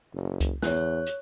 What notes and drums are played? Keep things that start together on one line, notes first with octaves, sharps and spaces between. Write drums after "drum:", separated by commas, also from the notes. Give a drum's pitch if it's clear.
F#1
drum: kick C#2, hi-hat
E2 C#5 F#6, drum: snare
drum: hi-hat